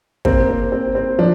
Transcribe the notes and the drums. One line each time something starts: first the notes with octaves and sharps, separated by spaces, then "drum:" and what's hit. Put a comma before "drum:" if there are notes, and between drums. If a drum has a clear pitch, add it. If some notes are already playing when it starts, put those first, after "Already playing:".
A#3 C4, drum: kick
C4
C4
C4
F3 D4